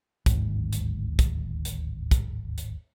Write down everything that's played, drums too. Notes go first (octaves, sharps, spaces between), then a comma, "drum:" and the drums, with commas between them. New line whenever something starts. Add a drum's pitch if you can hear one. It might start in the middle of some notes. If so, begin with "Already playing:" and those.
D1 G#1 D#2 G#2, drum: kick, hi-hat
drum: hi-hat
drum: kick, hi-hat
drum: hi-hat
drum: kick, hi-hat
drum: hi-hat